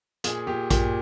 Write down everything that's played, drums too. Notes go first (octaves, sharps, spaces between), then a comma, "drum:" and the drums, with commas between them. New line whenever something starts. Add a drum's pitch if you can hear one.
A#2 G#4, drum: hi-hat
A#2 G4
A#2 G4, drum: kick A1, hi-hat